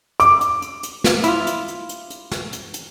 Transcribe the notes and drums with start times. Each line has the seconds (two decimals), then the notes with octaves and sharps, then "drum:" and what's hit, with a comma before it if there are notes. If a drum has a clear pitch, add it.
0.20 D6, drum: hi-hat
0.41 drum: hi-hat
0.62 drum: hi-hat
0.83 drum: hi-hat
1.04 drum: snare
1.24 E4 F4, drum: hi-hat
1.47 drum: hi-hat
1.68 drum: hi-hat
1.89 drum: hi-hat
2.10 drum: hi-hat
2.31 drum: snare
2.53 drum: hi-hat
2.74 drum: hi-hat